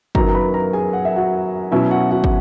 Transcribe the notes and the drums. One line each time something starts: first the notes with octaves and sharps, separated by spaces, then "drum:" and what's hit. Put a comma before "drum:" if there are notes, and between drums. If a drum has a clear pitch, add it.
F#2 D#3 F#3 B3 A#4 A#5, drum: kick
A#5
B4 B5
A#4 A#5
G#4 G#5
F#5
E5
F#4 F#5
B2 F#3 C#4 E4 E5
F#4 F#5
F#4 F#5
drum: kick